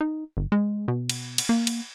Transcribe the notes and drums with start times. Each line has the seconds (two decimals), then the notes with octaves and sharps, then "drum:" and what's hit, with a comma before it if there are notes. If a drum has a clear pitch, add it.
0.01 D#4
0.37 G1
0.52 G#3
0.88 B2
1.10 drum: cymbal
1.38 drum: cymbal
1.49 A#3
1.67 drum: cymbal